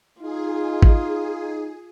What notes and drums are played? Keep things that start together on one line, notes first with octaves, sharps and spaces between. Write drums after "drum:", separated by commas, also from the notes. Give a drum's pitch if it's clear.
D#4 F4 G#4
drum: kick G#1